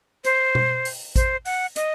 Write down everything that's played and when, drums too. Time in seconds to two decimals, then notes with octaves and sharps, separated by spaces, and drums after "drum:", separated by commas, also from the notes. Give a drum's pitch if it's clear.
0.24 C5, drum: hi-hat
0.55 drum: tom B2
0.85 drum: open hi-hat
1.16 C5, drum: kick A1, hi-hat
1.45 F#5, drum: open hi-hat
1.76 D#5, drum: hi-hat